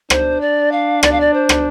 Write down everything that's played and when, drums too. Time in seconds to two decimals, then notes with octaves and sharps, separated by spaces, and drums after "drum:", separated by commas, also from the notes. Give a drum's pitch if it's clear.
0.10 D4 C5, drum: rim click
0.41 D5
0.72 F5
1.03 D5, drum: rim click
1.12 F5
1.20 D5
1.34 C5
1.49 drum: rim click